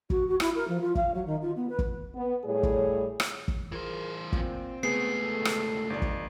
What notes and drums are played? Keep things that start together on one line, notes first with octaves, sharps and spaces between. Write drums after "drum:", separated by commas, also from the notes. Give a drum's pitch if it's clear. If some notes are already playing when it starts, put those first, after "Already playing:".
F#4, drum: kick
F#4
E4, drum: rim click
A#4
F3
F4
F5, drum: kick
F#3
D#3
F4
B3
B4
drum: kick
B3
A2 G3 G#4 C#5
drum: kick
drum: rim click
drum: kick
E3 F4 G#4 A#4 C5
A#2 C4, drum: kick
C#2 A3 B3 G#4 C7
D#2 A4
drum: rim click
G1 F3 G3 D#4 D5
drum: kick